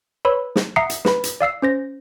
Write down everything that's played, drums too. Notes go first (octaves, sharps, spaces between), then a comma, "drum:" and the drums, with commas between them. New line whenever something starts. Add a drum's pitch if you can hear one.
B4 C#5 B5 E6
drum: snare
E5 F#5 A#5 D#6 C7 C#7
drum: hi-hat
B4 B5, drum: snare
drum: hi-hat
D5 F5 E6 C7
C#4 C5 A#6